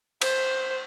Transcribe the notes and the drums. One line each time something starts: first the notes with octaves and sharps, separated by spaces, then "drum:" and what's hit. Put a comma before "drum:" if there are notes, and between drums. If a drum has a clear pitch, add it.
C5, drum: cymbal